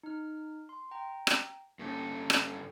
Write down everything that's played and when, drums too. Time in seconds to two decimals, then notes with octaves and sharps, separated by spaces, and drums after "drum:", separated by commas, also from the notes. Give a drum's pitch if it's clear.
0.03 D#4 F6
0.69 C6
0.91 G5 A#5
1.27 drum: rim click
1.79 G2 A#3 C#4 A4
2.30 drum: rim click